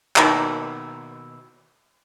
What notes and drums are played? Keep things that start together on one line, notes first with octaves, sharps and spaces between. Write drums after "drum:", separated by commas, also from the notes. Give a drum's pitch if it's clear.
B2 D#3 A#3 E4, drum: clap